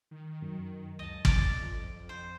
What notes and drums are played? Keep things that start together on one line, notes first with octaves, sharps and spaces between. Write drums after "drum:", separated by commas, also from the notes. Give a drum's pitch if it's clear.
D#3
F#2
C#2 D#5 A5
F2 D5, drum: kick
C5